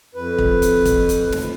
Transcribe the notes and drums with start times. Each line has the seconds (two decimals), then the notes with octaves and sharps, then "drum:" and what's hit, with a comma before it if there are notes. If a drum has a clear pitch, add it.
0.15 F2 B4
0.38 drum: kick
0.62 drum: hi-hat
0.85 drum: kick, hi-hat
1.09 drum: hi-hat
1.32 drum: snare